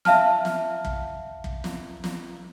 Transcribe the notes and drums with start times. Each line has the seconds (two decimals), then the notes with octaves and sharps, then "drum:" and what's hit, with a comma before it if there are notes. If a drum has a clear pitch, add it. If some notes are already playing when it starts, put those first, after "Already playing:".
0.05 E5 F5 A5 F6, drum: snare
0.45 drum: snare
0.85 drum: kick
1.44 drum: kick
1.64 drum: snare
2.04 drum: snare